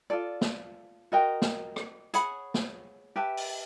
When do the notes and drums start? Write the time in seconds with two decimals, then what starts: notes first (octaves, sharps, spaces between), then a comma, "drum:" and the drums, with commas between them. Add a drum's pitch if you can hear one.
0.10 F4 A4 D5
0.41 drum: snare
1.12 F#4 A#4 D#5 G5
1.42 drum: snare
1.76 drum: rim click
2.14 G#4 C#5 F#5 B5, drum: hi-hat
2.54 drum: snare
3.16 G4 B4 E5 A5
3.37 drum: open hi-hat